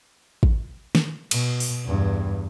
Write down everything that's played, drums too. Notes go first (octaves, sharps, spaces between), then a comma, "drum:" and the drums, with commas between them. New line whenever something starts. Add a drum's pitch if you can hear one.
drum: kick
drum: snare
B2, drum: cymbal
drum: open hi-hat
E2 G2